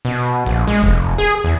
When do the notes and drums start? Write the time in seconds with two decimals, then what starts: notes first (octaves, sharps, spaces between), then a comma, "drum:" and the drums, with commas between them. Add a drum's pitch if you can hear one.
0.05 B2
0.46 A#1
0.67 G#3
0.83 F1, drum: kick D#1
1.18 G#4
1.44 E2